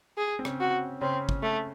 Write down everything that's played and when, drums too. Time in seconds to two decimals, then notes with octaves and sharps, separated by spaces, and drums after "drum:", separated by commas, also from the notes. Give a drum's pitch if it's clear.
0.17 G#4
0.39 C4
0.45 C#3 C#4, drum: rim click
0.60 F#4
1.01 C#3 C4 C#4
1.29 drum: kick
1.42 A3